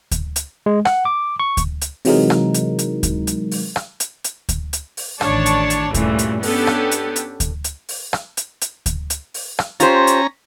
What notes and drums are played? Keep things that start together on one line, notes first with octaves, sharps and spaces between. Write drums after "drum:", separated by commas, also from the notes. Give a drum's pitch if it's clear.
drum: kick D2, hi-hat
drum: hi-hat
G#3
F#5, drum: rim click
D6
C#6
drum: kick D2, hi-hat
drum: hi-hat
C3 E3 F#3 G#3 D#4 A#4, drum: open hi-hat
drum: rim click
drum: hi-hat
drum: hi-hat
drum: kick D2, hi-hat
drum: hi-hat
drum: open hi-hat
drum: rim click
drum: hi-hat
drum: hi-hat
drum: kick D2, hi-hat
drum: hi-hat
drum: open hi-hat
A1 D#3 D4 C#5 D5 A5, drum: rim click
drum: hi-hat
drum: hi-hat
G2 A#2 C#3 E3 G3 A3, drum: kick D2, hi-hat
drum: hi-hat
B3 C#4 D4 G4 A4, drum: open hi-hat
drum: rim click
drum: hi-hat
drum: hi-hat
drum: kick D2, hi-hat
drum: hi-hat
drum: open hi-hat
drum: rim click
drum: hi-hat
drum: hi-hat
drum: kick D2, hi-hat
drum: hi-hat
drum: open hi-hat
drum: rim click
C#4 F4 G4 C5 A#5, drum: hi-hat
drum: hi-hat